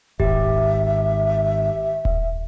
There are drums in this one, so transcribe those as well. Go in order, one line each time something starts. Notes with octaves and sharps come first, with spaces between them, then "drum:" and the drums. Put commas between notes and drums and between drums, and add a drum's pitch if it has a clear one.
G#1 G4 E5, drum: kick D#1
drum: kick D#1